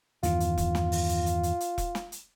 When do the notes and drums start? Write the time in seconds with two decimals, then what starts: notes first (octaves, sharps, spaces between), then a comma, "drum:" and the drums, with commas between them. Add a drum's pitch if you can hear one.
0.23 E2 G2 D#3 F4, drum: hi-hat
0.40 drum: hi-hat
0.58 drum: kick E1, hi-hat
0.75 drum: snare
0.92 drum: open hi-hat
1.09 drum: hi-hat
1.26 drum: hi-hat
1.43 drum: hi-hat
1.60 drum: hi-hat
1.78 drum: kick E1, hi-hat
1.95 drum: snare
2.12 drum: hi-hat